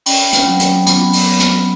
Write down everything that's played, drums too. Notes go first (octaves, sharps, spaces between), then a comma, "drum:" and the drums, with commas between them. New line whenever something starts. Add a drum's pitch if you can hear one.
C#4 G5 B5, drum: open hi-hat
drum: hi-hat
F#3
drum: hi-hat
B3 B5, drum: hi-hat
drum: open hi-hat
drum: hi-hat